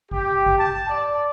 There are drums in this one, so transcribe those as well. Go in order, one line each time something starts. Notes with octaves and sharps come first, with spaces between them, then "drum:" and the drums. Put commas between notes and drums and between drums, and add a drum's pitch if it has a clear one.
G4, drum: kick
drum: kick
A5
D5